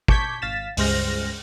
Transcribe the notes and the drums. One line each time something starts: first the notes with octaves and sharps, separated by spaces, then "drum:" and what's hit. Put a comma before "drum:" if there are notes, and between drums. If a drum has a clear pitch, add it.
A5 C#6 D6 G6 G#6 B6, drum: kick
G#1 F5 A6 B6 E7
C#2 G2 G#3 C5 F6 A#6, drum: open hi-hat